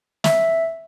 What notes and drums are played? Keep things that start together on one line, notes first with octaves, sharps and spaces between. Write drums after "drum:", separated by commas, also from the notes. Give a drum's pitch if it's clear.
E5, drum: snare